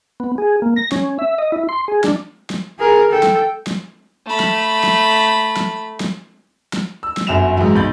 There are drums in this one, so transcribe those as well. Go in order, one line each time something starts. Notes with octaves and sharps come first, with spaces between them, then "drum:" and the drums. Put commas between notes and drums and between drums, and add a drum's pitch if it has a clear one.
B3
G#4
A#3
A#6
C#4, drum: snare
E5
D#5
E4
C6
G#4
D4, drum: snare
drum: snare
G#4 A#4
A4 G5
drum: snare
drum: snare
A3 B5
drum: snare
drum: snare
drum: snare
drum: snare
drum: snare
E6
drum: snare
G1 F#2 F#4 E5 E7 F7
G#2 E3 F#3
B1 B5 G6 A6